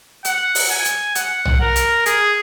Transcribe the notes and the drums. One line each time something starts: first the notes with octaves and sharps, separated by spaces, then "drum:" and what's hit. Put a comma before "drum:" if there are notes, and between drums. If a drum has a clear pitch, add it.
F#5, drum: hi-hat
drum: open hi-hat
G#5
drum: hi-hat
F#5, drum: hi-hat
drum: tom B1
A#4
drum: hi-hat
G#4, drum: hi-hat